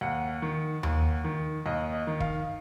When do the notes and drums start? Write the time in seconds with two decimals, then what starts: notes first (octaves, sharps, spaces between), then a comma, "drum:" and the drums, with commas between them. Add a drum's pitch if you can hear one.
0.01 D#2 F#5
0.42 D#3
0.83 D#2, drum: tom D#2
1.24 D#3
1.66 D#2 D#5
1.93 D#5
2.07 D#3
2.20 F5, drum: kick